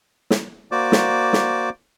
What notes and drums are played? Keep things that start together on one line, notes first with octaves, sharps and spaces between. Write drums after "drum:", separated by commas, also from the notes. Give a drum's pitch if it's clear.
drum: snare
A#3 F#4 C5 D5 D6
drum: snare
drum: snare